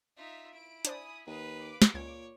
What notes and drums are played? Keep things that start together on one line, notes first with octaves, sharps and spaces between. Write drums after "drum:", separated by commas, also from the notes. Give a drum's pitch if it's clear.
D#4 F4 E5 B6
E4 D7
D4 C5 D5 G#5 B5 D#6, drum: hi-hat
D#2 B4 F5 D#6
D6
drum: snare
C#2 A#2 C#5 G#6